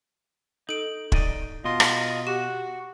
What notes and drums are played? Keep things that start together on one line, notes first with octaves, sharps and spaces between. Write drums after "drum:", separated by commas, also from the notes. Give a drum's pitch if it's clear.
D#4 A4 D7
D#4 D5 D#5, drum: kick
B2 F4 D#5 C6 D#6
drum: rim click
F#4 G4